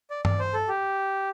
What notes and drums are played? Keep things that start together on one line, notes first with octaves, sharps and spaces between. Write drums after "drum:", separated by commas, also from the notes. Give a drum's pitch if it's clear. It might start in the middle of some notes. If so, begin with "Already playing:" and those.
D5
D5, drum: tom G2
C5
A4
G4